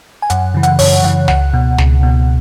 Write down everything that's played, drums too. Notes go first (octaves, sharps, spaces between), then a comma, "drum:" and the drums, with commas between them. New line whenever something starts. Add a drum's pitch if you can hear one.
G#5
F#2 F#5, drum: hi-hat
C#3 E3
F#5, drum: hi-hat
F#2 C#5, drum: open hi-hat
C#3 E3 F#5
C#2 F#5, drum: snare
B2
C#2, drum: snare
B2